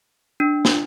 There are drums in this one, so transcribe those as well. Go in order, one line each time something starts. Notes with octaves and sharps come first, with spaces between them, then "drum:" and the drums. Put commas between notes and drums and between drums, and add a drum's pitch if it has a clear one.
D4
drum: snare